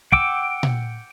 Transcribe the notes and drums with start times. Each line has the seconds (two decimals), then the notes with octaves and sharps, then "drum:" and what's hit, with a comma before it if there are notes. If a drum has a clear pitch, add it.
0.12 F#5 G5 D6 E6, drum: kick
0.63 drum: tom A#2